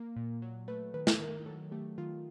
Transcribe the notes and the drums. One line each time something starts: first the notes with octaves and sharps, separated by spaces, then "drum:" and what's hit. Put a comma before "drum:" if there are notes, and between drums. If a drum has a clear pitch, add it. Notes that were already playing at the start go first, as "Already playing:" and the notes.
Already playing: A#3
A#2
F#3
A3 B4
D#3 B4
drum: snare
D#3 A#4
F#3 A4
A3 G4
D#3 F4